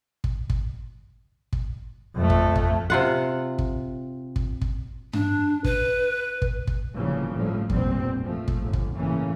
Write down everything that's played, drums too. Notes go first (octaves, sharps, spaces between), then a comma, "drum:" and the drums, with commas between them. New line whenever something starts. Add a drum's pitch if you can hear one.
drum: kick
drum: kick
drum: kick
F2 A3
drum: kick
drum: kick
C3 F4 F#5
drum: kick
drum: kick
drum: kick
D4, drum: tom G2
B4, drum: kick
drum: kick
drum: kick
G1 A#2 C#3 E3 F3 G3
A2 F3 G3 A3
F1 A#1 G2 B2 G3 C4, drum: kick
F3 A3
drum: kick
G1
drum: kick
A2 C#3 E3 A3 A#3 C#4